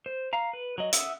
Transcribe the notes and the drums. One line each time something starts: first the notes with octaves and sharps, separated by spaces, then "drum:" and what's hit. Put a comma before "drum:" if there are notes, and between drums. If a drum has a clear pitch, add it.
C5
F5 A#5
B4
F#3 D#5
E5 F#5 D#6 E6, drum: hi-hat